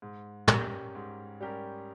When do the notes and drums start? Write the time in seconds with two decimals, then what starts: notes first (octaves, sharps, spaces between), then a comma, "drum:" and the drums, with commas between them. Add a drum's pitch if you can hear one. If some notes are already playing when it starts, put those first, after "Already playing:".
0.02 G#2
0.48 G3 C#4 G4 A#4, drum: tom
0.95 G#2
1.41 G3 C#4 G4 A#4